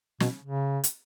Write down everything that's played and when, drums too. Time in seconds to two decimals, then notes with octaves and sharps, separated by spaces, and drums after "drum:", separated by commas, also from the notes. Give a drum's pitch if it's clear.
0.20 B2, drum: snare
0.44 C#3
0.84 drum: hi-hat